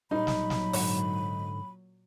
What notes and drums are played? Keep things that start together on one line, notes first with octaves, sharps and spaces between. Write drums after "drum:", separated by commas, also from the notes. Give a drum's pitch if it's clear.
A#2 F#3 G3 D#4 B5
drum: snare
drum: snare
G#2 D3 F#5, drum: open hi-hat